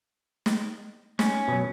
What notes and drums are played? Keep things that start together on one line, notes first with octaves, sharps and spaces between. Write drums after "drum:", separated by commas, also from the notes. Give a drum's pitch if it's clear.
drum: snare
C#4, drum: snare
B2 F#3